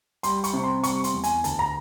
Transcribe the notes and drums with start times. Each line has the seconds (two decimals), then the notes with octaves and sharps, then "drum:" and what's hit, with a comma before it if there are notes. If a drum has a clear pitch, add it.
0.23 G3 C6, drum: hi-hat
0.44 C#6, drum: hi-hat
0.53 C3
0.64 C6
0.84 G3 C#6, drum: hi-hat
1.04 C6, drum: hi-hat
1.13 E2
1.24 G#5, drum: hi-hat
1.44 D2 A5, drum: hi-hat
1.59 A#5